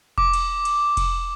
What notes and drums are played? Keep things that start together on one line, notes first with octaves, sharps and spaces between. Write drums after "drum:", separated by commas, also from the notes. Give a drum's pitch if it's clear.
D6, drum: kick F1
drum: cymbal
drum: cymbal
drum: kick F1, cymbal